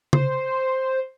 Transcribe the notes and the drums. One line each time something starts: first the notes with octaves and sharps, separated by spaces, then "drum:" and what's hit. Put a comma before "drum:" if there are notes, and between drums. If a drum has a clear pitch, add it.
C5, drum: tom C#3